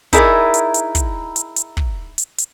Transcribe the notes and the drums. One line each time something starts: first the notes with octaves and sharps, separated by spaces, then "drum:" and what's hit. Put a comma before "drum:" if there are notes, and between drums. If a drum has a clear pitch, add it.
D#4 E4 G#4 A#4 D5 E5, drum: kick, hi-hat
drum: hi-hat
drum: hi-hat
drum: kick, hi-hat
drum: hi-hat
drum: hi-hat
drum: kick
drum: hi-hat
drum: hi-hat